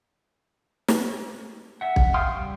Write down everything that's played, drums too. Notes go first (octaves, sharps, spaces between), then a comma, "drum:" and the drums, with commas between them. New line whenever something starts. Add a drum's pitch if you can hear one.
drum: snare
E5 F#5
drum: kick
F5 G5 C6 D#6 F6
G3